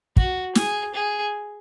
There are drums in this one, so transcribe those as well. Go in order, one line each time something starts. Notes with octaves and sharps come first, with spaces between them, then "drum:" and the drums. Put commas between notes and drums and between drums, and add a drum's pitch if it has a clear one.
F#4, drum: kick
G#4, drum: snare
G#4